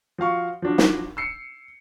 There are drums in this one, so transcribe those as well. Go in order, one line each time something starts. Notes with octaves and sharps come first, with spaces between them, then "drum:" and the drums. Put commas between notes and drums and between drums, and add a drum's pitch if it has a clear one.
F3 F#4 F5 C#6
F3 F#3 D4 F#4
drum: snare
E6 C7 C#7